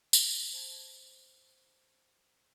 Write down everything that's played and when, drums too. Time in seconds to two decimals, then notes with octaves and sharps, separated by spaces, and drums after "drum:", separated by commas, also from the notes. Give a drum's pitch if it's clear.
0.13 drum: tambourine
0.53 C5 A5 G#6